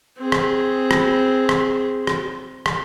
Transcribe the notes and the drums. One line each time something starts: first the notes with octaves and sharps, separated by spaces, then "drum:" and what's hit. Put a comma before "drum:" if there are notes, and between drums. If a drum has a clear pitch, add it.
C4 G#4
drum: rim click
drum: rim click
drum: rim click
drum: rim click
drum: rim click